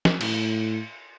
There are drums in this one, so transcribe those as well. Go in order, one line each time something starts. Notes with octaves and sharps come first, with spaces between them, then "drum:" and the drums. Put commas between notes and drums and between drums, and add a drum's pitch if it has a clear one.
drum: snare
A2, drum: cymbal